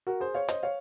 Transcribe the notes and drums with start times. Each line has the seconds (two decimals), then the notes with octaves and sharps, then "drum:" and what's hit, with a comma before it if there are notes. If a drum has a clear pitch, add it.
0.07 F#4 A#4
0.20 G#4 C5
0.34 C#5 F5
0.48 C5 D#5, drum: hi-hat
0.63 C#5 F5